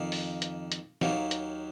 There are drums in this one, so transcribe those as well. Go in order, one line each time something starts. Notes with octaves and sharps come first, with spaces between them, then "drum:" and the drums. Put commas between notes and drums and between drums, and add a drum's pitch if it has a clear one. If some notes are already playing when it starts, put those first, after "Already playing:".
Already playing: F2 D#3 A#3
drum: open hi-hat
drum: hi-hat
drum: hi-hat
D#2 D#3 F#3 A#3, drum: snare
drum: hi-hat